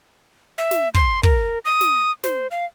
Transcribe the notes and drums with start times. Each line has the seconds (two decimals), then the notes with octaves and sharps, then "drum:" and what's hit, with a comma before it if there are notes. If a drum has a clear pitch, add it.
0.58 E5
0.71 drum: snare
0.94 C6, drum: kick
1.23 A#4, drum: kick
1.65 D#6
1.81 drum: snare
2.24 C5, drum: snare
2.51 F5